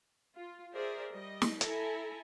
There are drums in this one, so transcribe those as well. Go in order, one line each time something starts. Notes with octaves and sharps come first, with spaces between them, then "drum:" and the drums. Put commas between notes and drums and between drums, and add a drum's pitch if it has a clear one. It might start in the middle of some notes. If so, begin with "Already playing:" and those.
F4
G#4 A#4 C5 D5 E5
G3 D#5
drum: snare
E4 A4 G#5 A#5, drum: hi-hat